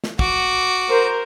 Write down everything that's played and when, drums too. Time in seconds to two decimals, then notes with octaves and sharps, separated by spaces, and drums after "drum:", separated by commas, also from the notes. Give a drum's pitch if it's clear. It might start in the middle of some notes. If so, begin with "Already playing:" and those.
0.04 drum: snare
0.19 F#4 D6, drum: kick
0.89 A#4 C5